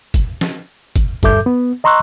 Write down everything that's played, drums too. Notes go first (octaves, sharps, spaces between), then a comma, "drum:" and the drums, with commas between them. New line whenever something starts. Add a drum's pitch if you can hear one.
drum: kick, hi-hat
drum: snare
drum: kick, hi-hat
D2 G2 A4 E5 D6 G6, drum: kick, hi-hat
B3
D#5 A#5 C6 C#6 E6 F#6